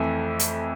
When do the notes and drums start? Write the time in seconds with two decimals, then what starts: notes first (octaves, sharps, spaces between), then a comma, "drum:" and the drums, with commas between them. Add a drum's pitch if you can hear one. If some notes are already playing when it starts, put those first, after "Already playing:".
Already playing: F2 E3 A3
0.39 drum: hi-hat